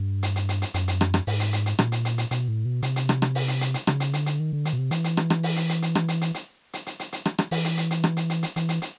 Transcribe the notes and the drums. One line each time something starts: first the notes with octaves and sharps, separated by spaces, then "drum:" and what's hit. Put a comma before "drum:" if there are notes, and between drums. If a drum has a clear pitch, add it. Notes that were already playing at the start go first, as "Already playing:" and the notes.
Already playing: G2
drum: hi-hat
drum: hi-hat
drum: hi-hat
drum: hi-hat
F#2, drum: hi-hat
drum: hi-hat
drum: rim click
drum: rim click
G#2, drum: open hi-hat
drum: hi-hat
drum: hi-hat
drum: hi-hat
A#2, drum: rim click
drum: hi-hat
drum: hi-hat
drum: hi-hat
B2, drum: hi-hat
A2
B2
C3, drum: hi-hat
drum: hi-hat
drum: rim click
drum: rim click
drum: open hi-hat
drum: hi-hat
drum: hi-hat
drum: hi-hat
C#3, drum: rim click
drum: hi-hat
D3, drum: hi-hat
drum: hi-hat
D#3
D3
D#3, drum: hi-hat
B2
C3
E3, drum: hi-hat
drum: hi-hat
drum: rim click
drum: rim click
drum: open hi-hat
drum: hi-hat
drum: hi-hat
drum: hi-hat
drum: rim click
drum: hi-hat
drum: hi-hat
drum: hi-hat
drum: hi-hat
drum: hi-hat
drum: hi-hat
drum: hi-hat
drum: rim click
drum: rim click
E3, drum: open hi-hat
drum: hi-hat
drum: hi-hat
drum: hi-hat
drum: rim click
drum: hi-hat
drum: hi-hat
drum: hi-hat
E3, drum: hi-hat
drum: hi-hat
drum: hi-hat